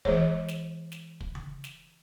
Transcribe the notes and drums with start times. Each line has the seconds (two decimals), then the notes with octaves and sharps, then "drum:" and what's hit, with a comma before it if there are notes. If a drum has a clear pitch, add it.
0.05 E3 G#3 G#4 C5 C#5, drum: kick
0.48 drum: snare
0.92 drum: snare
1.21 drum: kick
1.35 drum: tom C#3
1.64 drum: snare